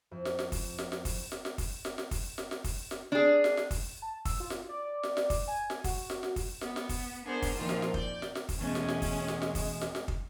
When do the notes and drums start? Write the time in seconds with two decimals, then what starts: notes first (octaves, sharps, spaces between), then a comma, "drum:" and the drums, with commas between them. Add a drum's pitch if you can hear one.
0.11 F2
0.25 drum: snare
0.39 drum: snare
0.52 drum: kick, open hi-hat
0.78 drum: snare
0.92 drum: snare
1.05 drum: kick, open hi-hat
1.32 drum: snare
1.45 drum: snare
1.58 drum: kick, open hi-hat
1.85 drum: snare
1.98 drum: snare
2.11 drum: kick, open hi-hat
2.38 drum: snare
2.51 drum: snare
2.64 drum: kick, open hi-hat
2.91 drum: snare
3.12 D4 G#4
3.44 drum: snare
3.57 drum: snare
3.71 drum: kick, open hi-hat
4.02 A5
4.25 E6, drum: kick, open hi-hat
4.40 F4
4.50 drum: snare
4.69 D5
5.03 drum: snare
5.17 drum: snare
5.30 drum: kick, open hi-hat
5.48 G#5
5.70 drum: snare
5.84 F#4, drum: kick, open hi-hat
6.10 drum: snare
6.23 drum: snare
6.36 drum: kick, open hi-hat
6.61 B3, drum: snare
6.76 drum: snare
6.89 drum: kick, open hi-hat
7.24 B3 D4 G#4 A#4 C5
7.42 drum: kick, open hi-hat
7.56 A#2 D#3 F3 C4 F4
7.69 drum: snare
7.82 drum: snare
7.94 D5 G6, drum: kick
8.22 drum: snare
8.35 drum: snare
8.49 drum: kick, open hi-hat
8.60 E2 B2 G#3 A3 C#4
8.75 drum: snare
8.88 drum: snare
9.02 drum: kick, open hi-hat
9.28 drum: snare
9.42 drum: snare
9.55 drum: kick, open hi-hat
9.81 drum: snare
9.95 drum: snare
10.08 drum: kick